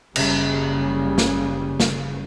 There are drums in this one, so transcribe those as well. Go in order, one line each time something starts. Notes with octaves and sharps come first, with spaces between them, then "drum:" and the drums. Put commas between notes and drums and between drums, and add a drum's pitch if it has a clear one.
F#1 C#3 G3, drum: cymbal
drum: snare
drum: snare